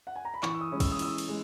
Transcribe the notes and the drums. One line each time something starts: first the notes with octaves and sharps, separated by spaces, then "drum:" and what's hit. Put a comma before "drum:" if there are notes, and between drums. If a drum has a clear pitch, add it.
F#5
G#5
A#5
B5
E3 C#6, drum: clap
E6
D#6
G#3 C#4 E4
E6, drum: kick, cymbal
D#6
E3 E6, drum: cymbal
drum: cymbal
G#3